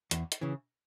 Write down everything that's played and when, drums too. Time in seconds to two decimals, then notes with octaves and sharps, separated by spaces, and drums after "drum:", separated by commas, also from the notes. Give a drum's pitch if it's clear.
0.11 E2, drum: hi-hat
0.32 drum: hi-hat
0.41 C#3 E3